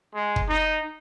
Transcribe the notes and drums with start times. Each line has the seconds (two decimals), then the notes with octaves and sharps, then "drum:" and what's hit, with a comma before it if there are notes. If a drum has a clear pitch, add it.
0.14 G#3
0.36 drum: kick
0.49 D#4